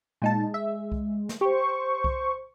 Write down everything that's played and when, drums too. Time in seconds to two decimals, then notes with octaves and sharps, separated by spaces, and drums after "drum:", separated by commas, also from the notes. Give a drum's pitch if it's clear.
0.22 A#2 G#3 D#4 A5
0.54 E5
0.92 drum: kick C2
1.29 drum: snare
1.41 G4 C5 C#6
2.04 drum: kick C2